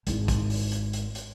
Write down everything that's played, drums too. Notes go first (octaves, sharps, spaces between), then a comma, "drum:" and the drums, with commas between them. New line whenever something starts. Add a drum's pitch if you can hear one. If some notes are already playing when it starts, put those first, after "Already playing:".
G#1 E4, drum: hi-hat
drum: kick, hi-hat
drum: open hi-hat
drum: hi-hat
drum: hi-hat
drum: hi-hat